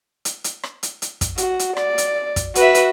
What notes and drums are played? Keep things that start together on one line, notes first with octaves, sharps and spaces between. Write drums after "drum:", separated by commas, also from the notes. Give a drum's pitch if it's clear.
drum: hi-hat
drum: hi-hat
drum: rim click
drum: hi-hat
drum: hi-hat
drum: kick, hi-hat
F#4, drum: hi-hat
drum: hi-hat
D5, drum: rim click
drum: hi-hat
drum: kick, hi-hat
F#4 B4 E5, drum: hi-hat
drum: hi-hat